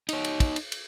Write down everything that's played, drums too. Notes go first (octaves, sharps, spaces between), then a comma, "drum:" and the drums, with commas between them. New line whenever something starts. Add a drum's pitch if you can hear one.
D#4 C#5, drum: cymbal
drum: cymbal
drum: kick, cymbal
drum: cymbal
drum: cymbal